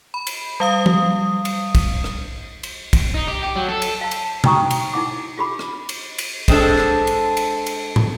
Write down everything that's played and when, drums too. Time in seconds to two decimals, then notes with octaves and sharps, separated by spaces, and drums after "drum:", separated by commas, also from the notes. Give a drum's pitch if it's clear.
0.14 B5
0.27 drum: cymbal
0.60 G3 F5 D#6
0.86 drum: tom F3
1.45 drum: cymbal
1.75 drum: kick, cymbal
2.04 drum: rim click
2.63 drum: cymbal
2.93 drum: kick, cymbal
3.14 D#4
3.27 G4
3.43 G4
3.56 F#3
3.68 A4
3.82 drum: cymbal
4.01 F5 A5
4.11 drum: cymbal
4.44 D#4 F#4 G5 A#5 C#6 D#6, drum: tom B2
4.71 drum: cymbal
4.94 D#4 E4 F#5 D6
5.38 F4 G4 B5 D6
5.59 drum: rim click
5.89 drum: cymbal
6.18 drum: cymbal
6.48 G#3 C4 D4 A4, drum: kick, cymbal
6.78 drum: rim click
7.07 drum: cymbal
7.37 drum: cymbal
7.66 drum: cymbal
7.96 drum: tom